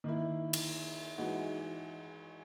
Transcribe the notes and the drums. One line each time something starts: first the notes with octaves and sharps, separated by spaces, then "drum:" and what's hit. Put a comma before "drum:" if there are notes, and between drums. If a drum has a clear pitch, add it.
D#3 A#3 E4
drum: cymbal
E3 G#3 D#4 F#4